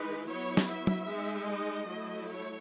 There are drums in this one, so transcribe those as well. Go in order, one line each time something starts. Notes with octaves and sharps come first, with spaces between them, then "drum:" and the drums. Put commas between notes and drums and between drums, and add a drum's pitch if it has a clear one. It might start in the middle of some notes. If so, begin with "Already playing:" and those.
Already playing: E3 G#3 D#4 B4
F#3 B3 E4 C#5
drum: snare
E5
drum: tom
G#3 D#4
D#5
F#3 A3 E4
C#5